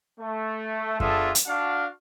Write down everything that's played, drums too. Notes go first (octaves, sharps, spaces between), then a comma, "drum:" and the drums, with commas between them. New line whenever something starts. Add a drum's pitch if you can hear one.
A3
B3 D4 F4 G#4 A4 E5, drum: kick F#2
drum: hi-hat
D4 F#4 F5